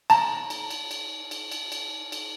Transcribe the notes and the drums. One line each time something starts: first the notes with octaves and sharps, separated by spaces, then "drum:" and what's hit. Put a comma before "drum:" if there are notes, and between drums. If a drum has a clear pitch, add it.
A5 A#5, drum: cymbal
drum: cymbal
drum: cymbal
drum: cymbal
drum: cymbal
drum: cymbal
drum: cymbal
drum: cymbal